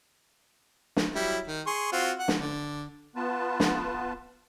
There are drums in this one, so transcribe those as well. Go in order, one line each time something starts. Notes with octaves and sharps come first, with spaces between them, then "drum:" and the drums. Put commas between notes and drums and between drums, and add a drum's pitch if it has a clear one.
drum: snare
F#3 G3 E4
D#3
G#4 C6 C#6
C4 F4 F#4
F#5
drum: snare
D3
B3 F4 B4 A5
drum: snare